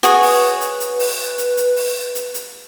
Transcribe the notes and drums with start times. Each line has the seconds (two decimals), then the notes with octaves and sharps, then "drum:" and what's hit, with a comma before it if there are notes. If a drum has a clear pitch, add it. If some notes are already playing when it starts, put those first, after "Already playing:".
0.03 F#4 G#4 B4 C#5, drum: hi-hat
0.22 drum: open hi-hat
0.61 drum: hi-hat
0.80 drum: hi-hat
0.99 drum: open hi-hat
1.38 drum: hi-hat
1.57 drum: hi-hat
1.76 drum: open hi-hat
2.15 drum: hi-hat
2.34 drum: hi-hat